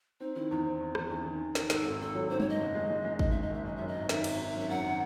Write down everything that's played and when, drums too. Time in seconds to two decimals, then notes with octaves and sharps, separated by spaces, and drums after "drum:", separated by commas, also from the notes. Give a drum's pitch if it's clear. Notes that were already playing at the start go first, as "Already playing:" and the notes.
0.20 C4 D#4
0.35 D#3 E4
0.50 E2 D#4
0.66 C4
0.80 E2
0.95 E2, drum: rim click
1.10 E2 C#4
1.25 D#3
1.40 D#3
1.55 D#3, drum: snare
1.70 G#2 A4, drum: snare
1.85 G#1
2.00 D#3 A4
2.15 F#3
2.29 G#2 C5
2.40 C#5, drum: tom
2.45 D#3 D#5
2.60 F#1
2.75 G#3
2.90 G#3
3.05 G#3
3.19 D#3 D#5, drum: kick
3.31 D#3 E5
3.42 D#5
3.50 F#1 E5
3.64 F#1 D#5
3.76 F#2 E5
3.88 D#5
3.94 G#1
4.09 D#3 E5, drum: snare
4.24 G#1, drum: cymbal
4.39 D#3
4.55 F#2 E5
4.69 F#2 F#5
4.84 D#3